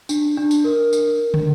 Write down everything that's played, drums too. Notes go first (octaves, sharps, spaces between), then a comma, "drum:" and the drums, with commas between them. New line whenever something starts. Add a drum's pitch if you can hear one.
D4, drum: tambourine
D4
drum: tambourine
A#4
D4, drum: tambourine
D4
drum: tom